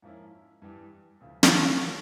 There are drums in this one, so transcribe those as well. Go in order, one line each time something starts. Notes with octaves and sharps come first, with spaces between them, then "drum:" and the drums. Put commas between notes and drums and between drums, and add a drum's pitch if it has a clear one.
G#2 F3 A#3 C#4 E4
G2 E3 G3
D2 C#3 F3
drum: snare
D#3 G#3